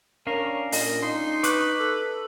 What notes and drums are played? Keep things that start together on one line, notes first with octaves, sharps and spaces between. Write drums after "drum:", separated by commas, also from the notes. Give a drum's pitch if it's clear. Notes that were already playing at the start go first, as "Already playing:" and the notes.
C#4 D4 A#4 C#5 F5
A#2 D#5, drum: open hi-hat
D#4 C6
B4 C#6 D6 F#6, drum: hi-hat
A4